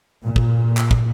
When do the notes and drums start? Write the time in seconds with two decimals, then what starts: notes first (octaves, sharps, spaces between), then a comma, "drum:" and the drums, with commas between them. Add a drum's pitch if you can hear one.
0.22 A#2
0.36 drum: kick
0.77 drum: clap
0.91 drum: kick